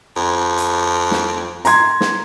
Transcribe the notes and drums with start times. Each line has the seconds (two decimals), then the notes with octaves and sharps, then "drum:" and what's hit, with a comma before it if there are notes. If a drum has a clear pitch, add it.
0.16 F2
0.58 drum: hi-hat
1.11 drum: snare
1.65 A#5 C6 G#6, drum: hi-hat
2.01 drum: snare